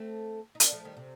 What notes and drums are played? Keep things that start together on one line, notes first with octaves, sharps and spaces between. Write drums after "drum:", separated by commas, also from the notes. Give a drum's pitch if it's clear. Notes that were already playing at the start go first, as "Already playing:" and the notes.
Already playing: A3 C4
D#4
A#3 D4, drum: hi-hat
F3 A3
D#3 G3
C3